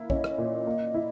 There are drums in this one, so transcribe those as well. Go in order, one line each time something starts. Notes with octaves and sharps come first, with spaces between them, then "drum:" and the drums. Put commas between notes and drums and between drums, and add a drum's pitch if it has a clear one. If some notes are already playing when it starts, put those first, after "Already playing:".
Already playing: A#3 E4
C#4 D#5, drum: kick
drum: rim click
A#2
A#3
E4